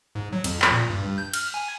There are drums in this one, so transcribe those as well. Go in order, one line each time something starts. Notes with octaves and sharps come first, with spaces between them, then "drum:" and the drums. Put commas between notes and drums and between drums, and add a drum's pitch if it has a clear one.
G#2
F#3
F2, drum: cymbal
drum: clap
A#2
G2
G6
F6, drum: cymbal
G#5